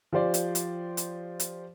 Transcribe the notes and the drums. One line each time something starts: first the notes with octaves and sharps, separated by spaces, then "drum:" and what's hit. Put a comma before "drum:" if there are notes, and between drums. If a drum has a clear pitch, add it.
F3 G4 C5 D5
drum: hi-hat
drum: hi-hat
drum: hi-hat
drum: hi-hat